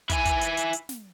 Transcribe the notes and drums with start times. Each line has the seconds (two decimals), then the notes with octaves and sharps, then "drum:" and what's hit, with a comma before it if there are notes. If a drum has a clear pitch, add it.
0.10 E4 G#5, drum: kick, hi-hat
0.25 drum: kick, hi-hat
0.41 drum: hi-hat
0.57 drum: hi-hat
0.73 drum: hi-hat
0.89 drum: snare